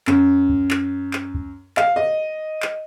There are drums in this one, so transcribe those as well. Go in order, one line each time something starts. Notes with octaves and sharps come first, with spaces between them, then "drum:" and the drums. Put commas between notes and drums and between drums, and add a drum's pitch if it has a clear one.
F#2, drum: clap
drum: kick C#2
drum: clap
drum: clap
drum: kick C#2
F5, drum: clap
D#5
drum: clap